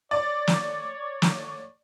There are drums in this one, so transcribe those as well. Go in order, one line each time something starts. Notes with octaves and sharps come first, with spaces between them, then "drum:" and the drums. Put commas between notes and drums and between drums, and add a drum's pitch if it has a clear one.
C#5 D5
drum: snare
drum: snare